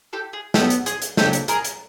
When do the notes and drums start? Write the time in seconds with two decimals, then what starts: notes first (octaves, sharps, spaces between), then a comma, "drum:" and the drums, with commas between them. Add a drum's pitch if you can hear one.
0.13 G4 A4
0.33 G#4
0.54 B2 F#3 B3 G4 A4, drum: snare
0.70 drum: hi-hat
0.86 G#4, drum: hi-hat
1.02 drum: hi-hat
1.17 F2 C#3 F#3 A#3 D4 G4 A4, drum: snare
1.33 drum: hi-hat
1.48 G#4 A#4, drum: hi-hat
1.65 drum: hi-hat